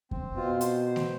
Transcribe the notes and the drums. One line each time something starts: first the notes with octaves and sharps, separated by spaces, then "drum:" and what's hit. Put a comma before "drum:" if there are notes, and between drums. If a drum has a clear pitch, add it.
C4, drum: kick F2
B2 F4
C5, drum: hi-hat
C5
drum: snare